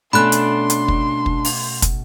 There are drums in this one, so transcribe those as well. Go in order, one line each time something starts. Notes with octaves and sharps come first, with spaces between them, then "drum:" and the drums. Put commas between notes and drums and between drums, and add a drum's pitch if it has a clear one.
B2 A3 C#4 D4 B5 C6 F#6
drum: hi-hat
drum: hi-hat
drum: kick
drum: kick
drum: open hi-hat
drum: kick, hi-hat